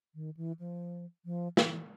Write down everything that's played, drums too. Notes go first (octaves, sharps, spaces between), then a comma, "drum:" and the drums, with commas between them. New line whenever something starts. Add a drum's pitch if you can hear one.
D#3
E3
F3
F3
E3, drum: snare